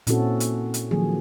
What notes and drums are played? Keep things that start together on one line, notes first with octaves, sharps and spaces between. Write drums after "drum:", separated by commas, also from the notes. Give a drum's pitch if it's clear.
A#2 C4 C#4 E4 F#4 A4, drum: hi-hat
drum: hi-hat
drum: hi-hat
D#3 F3 F#3 A#3 G#4